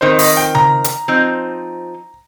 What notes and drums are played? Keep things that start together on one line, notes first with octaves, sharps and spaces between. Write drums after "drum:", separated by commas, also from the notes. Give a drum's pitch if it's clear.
F2 D#3 C4 C5
D#5, drum: open hi-hat
G5
A#5, drum: tom C#3
drum: hi-hat
F3 C4 D#4